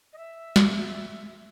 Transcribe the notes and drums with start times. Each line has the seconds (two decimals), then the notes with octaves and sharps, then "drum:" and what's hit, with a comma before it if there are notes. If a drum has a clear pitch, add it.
0.13 D#5
0.18 E5
0.56 drum: snare